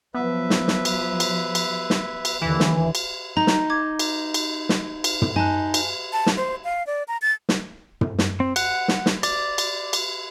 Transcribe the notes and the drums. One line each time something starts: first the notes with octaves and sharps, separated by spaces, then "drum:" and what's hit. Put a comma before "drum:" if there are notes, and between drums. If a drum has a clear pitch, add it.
F3 F#3 B3 B4 E5
drum: snare
drum: snare
drum: cymbal
drum: cymbal
drum: cymbal
drum: snare
drum: cymbal
D#2 D3 E3
drum: snare
drum: cymbal
D#4 A#5
drum: snare
D6 G#6
drum: cymbal
drum: cymbal
drum: snare
drum: cymbal
drum: tom
D#4 G#5 A5 F#6
drum: cymbal
A5
drum: snare
C5
F5
D5
A#5
A6
drum: snare
drum: tom
drum: snare
C4
F#5, drum: cymbal
drum: snare
drum: snare
D5, drum: cymbal
drum: cymbal
drum: cymbal